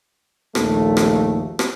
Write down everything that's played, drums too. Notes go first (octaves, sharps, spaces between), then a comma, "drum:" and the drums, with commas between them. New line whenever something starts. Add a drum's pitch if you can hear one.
A#1 D#2 A3, drum: rim click
drum: rim click
drum: rim click